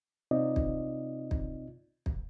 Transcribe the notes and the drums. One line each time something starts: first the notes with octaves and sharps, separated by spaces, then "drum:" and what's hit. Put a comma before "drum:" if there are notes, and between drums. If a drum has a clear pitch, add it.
C3 C4 D#4 F4 D5 D#5
drum: kick
drum: kick
drum: kick